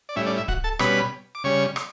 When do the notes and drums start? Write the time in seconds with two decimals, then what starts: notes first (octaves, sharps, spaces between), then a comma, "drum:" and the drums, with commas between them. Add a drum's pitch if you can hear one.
0.09 D5
0.16 A2 G3 C#4 E4 E5
0.26 D4 D5
0.37 E4 E5
0.48 F#4 F#5, drum: kick D1
0.64 A4 A5
0.79 B2 G3 C#4 B4 B5, drum: rim click
1.35 D6
1.44 C#3 G3 C#4 C#5 C#6
1.76 drum: rim click